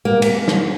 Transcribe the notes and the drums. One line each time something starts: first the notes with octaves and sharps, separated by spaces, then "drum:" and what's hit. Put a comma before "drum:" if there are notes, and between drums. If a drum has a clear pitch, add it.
A#3
A#3, drum: cymbal
drum: snare